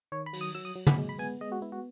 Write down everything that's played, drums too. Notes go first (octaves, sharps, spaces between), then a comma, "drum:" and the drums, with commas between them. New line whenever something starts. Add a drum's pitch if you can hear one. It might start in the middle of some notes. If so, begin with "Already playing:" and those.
D#3 C#5
B5
F#3, drum: open hi-hat
D#6
F#3 E6
D#6
F#3
B5, drum: tom
G#3
B5
B3 G#5
G#3 D#5
F#4
B3 E4
F#4